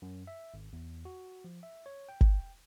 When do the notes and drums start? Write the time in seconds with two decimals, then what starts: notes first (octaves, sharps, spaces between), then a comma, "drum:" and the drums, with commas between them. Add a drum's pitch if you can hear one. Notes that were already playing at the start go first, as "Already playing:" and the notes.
0.02 F#2
0.27 E5
0.54 G#1
0.73 E2
1.05 F#4
1.44 F3
1.63 E5
1.86 C#5
2.09 G5
2.21 drum: kick G1